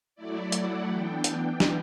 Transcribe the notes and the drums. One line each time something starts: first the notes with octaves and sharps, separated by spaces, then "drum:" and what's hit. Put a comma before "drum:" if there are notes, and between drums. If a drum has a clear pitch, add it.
F#3 A3 E4 D5
F#5, drum: hi-hat
E3 B3 D4 G5
drum: hi-hat
drum: snare